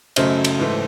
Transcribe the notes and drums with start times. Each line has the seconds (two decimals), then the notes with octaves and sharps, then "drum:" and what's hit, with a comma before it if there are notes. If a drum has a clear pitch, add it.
0.16 F#2 C#3 F#3 A3 C5 D#5, drum: cymbal
0.45 drum: cymbal
0.59 G#2 E3 A3